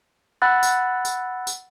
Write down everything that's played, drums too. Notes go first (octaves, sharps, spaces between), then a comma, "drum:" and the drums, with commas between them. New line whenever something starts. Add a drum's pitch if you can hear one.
F#5 B5 E6 F#6 A6
drum: tambourine
drum: tambourine
drum: tambourine